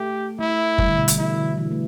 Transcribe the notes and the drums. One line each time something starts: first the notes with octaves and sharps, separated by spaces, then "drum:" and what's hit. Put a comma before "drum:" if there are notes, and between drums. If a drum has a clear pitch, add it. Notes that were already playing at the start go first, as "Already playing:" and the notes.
Already playing: A3 G4
A3 E4
G3, drum: kick F#1
D3
B2
D3, drum: hi-hat
E3 E4
D3
E3
A3